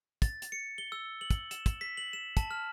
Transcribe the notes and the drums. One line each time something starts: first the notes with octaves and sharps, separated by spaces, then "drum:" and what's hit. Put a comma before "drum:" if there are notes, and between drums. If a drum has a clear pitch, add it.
A6, drum: kick, hi-hat
drum: hi-hat
C#7
G7
E6
F#7
drum: kick, hi-hat
E7, drum: hi-hat
drum: kick, hi-hat
B6
F#7
E7
A5, drum: kick, hi-hat
F6